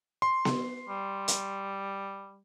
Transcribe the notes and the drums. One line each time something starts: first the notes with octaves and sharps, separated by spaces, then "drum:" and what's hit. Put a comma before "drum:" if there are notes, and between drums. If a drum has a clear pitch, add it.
C6
drum: snare B3
G3
drum: hi-hat